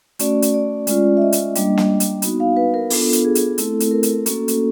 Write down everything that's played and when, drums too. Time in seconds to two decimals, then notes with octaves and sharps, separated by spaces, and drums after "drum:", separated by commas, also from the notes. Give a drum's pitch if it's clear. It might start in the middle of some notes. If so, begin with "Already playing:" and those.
0.19 A3 C#4 F#4 D5, drum: hi-hat
0.42 drum: hi-hat
0.54 D5
0.87 G#3 C#4 F4 D5, drum: hi-hat
1.17 E5
1.22 D#5
1.32 drum: hi-hat
1.55 G3 A#3 D4, drum: hi-hat
1.78 drum: snare
2.00 drum: hi-hat
2.22 B3 D#4 F#4, drum: hi-hat
2.40 F5
2.57 B4
2.74 A#4
2.90 B3 D4 F4 A4, drum: open hi-hat
3.13 drum: hi-hat
3.25 G#4
3.35 drum: hi-hat
3.58 A3 C4 E4 A4, drum: hi-hat
3.80 drum: hi-hat
3.91 A#4
4.03 drum: hi-hat
4.26 A#3 C#4 F#4 A4, drum: hi-hat
4.48 drum: hi-hat